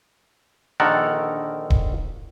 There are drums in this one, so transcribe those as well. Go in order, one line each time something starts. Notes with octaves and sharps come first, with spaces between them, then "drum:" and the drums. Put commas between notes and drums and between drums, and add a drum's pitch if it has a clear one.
A#1 D3 D#3 A4 A#4 F#5
drum: kick D#1